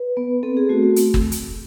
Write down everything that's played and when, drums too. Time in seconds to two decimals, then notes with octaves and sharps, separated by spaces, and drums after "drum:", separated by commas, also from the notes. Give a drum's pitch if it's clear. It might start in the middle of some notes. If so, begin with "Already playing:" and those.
Already playing: B4
0.17 B3
0.43 C4 A4
0.57 G#4
0.69 A3 F#4
0.83 F#4
0.96 drum: hi-hat
1.14 drum: kick
1.32 drum: hi-hat